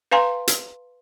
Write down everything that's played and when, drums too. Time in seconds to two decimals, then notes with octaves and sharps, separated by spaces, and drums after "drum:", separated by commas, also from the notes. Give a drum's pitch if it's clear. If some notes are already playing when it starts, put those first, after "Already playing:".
0.12 B4 F5 G#5 A#5 C6
0.47 drum: hi-hat